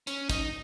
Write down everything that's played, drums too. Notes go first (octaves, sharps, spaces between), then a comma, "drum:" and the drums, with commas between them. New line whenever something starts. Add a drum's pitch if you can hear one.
C#4, drum: hi-hat
D#4, drum: kick, hi-hat